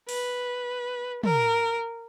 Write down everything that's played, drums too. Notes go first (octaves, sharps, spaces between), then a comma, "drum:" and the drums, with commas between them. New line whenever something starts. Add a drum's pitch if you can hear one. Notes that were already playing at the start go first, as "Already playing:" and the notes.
B4, drum: open hi-hat
A#4, drum: tom